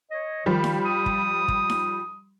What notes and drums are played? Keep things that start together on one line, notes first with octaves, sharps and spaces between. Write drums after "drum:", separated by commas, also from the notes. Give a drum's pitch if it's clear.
C#5 D#5
D#3 F3 G3
drum: snare D#4
D#6
drum: kick
drum: kick
drum: snare D#4